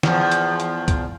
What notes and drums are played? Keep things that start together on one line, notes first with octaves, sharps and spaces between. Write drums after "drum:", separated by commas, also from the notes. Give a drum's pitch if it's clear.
E2 F3, drum: snare
drum: hi-hat
drum: hi-hat
drum: kick, hi-hat